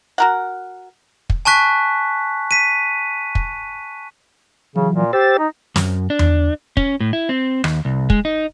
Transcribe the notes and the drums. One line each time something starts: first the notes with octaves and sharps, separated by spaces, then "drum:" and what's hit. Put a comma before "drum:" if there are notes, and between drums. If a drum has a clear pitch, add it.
F#4 A#4 F#5
drum: kick
G#5 A5 C#6 F#6 B6
B6 D#7
drum: kick
C#3 E3 F#3
A#2
G4 C5 E6 A6
D#4
F#2, drum: snare
D4
drum: tom E2
C#4, drum: kick
A2
E4
C4
D#2, drum: rim click
C2
G#3, drum: kick
D#4